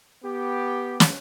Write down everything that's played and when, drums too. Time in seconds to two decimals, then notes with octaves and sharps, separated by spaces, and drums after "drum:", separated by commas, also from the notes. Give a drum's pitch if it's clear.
0.24 B3 G4
1.00 drum: snare